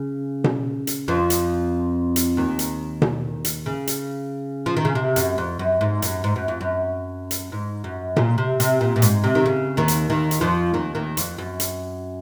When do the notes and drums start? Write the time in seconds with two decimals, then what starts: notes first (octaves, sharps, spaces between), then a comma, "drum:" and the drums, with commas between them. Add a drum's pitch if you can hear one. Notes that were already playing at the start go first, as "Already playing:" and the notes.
Already playing: C#3
0.44 drum: tom B2
0.87 drum: hi-hat
1.08 F2 F3
1.30 drum: hi-hat
2.16 drum: hi-hat
2.37 D#2 D#3
2.59 drum: hi-hat
3.02 drum: tom B2
3.45 drum: hi-hat
3.66 C#3
3.87 drum: hi-hat
4.66 F3
4.77 D#3
4.85 C#3
4.95 C3
5.16 F#2, drum: hi-hat
5.38 F2
5.59 F#2
5.81 G#2
6.02 F#2, drum: hi-hat
6.24 G#2
6.36 F#2
6.48 F2
6.61 F#2
7.31 drum: hi-hat
7.52 G#2
7.84 F#2
8.17 A#2, drum: tom B2
8.38 C3
8.60 C3, drum: hi-hat
8.81 A#2
8.96 A#2
9.02 G#2, drum: hi-hat
9.24 C3
9.35 D#3
9.46 C#3
9.77 D#2 D#3
9.88 drum: hi-hat
10.10 D#2 D#3
10.31 drum: hi-hat
10.41 F2 F3
10.74 D#2 D#3
10.95 D#2 D#3
11.17 F2, drum: hi-hat
11.38 F#2
11.60 drum: hi-hat